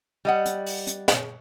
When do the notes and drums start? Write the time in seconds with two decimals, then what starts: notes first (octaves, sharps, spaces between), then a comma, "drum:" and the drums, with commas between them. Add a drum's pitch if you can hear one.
0.25 G3 D#5 F#5
0.46 drum: hi-hat
0.66 drum: open hi-hat
0.87 drum: hi-hat
1.08 drum: snare